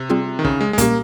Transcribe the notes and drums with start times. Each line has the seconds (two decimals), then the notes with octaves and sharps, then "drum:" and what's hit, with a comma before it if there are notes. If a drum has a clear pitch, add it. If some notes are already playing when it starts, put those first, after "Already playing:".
Already playing: C3
0.10 G3 C4 F4 G#4
0.39 D#3
0.44 C#3, drum: kick
0.61 G#3
0.73 G#3
0.78 A#2 G3 A#3 C#4 G4, drum: kick, hi-hat